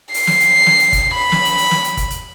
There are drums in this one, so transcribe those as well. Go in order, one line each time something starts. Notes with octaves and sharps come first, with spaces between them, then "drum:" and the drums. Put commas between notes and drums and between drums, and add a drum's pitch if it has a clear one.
C7, drum: open hi-hat
drum: snare
drum: hi-hat
drum: snare
drum: hi-hat
drum: kick G1, hi-hat
B5
drum: snare
drum: hi-hat
drum: open hi-hat
drum: snare
drum: hi-hat
drum: kick G1, hi-hat
drum: hi-hat